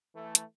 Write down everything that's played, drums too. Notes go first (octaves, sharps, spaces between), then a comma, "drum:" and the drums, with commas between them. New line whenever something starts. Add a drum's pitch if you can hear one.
E3 A3
drum: hi-hat